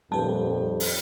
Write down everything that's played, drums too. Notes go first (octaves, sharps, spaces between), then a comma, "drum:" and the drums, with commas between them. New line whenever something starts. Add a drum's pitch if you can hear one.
D#1 F2 G3 G4 B4 A5
drum: open hi-hat